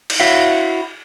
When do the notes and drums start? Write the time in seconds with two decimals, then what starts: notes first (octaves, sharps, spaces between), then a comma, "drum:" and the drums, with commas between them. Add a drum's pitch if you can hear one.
0.10 drum: cymbal
0.20 E4 F#4 C#5 E5 F5